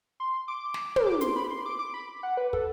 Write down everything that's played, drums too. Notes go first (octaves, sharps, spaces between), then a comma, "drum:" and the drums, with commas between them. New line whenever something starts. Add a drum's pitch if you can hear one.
C6
D6
drum: snare
drum: tom
D6
C6, drum: hi-hat
B5
C6
D6
D6
B5
F#5
B4
A4, drum: kick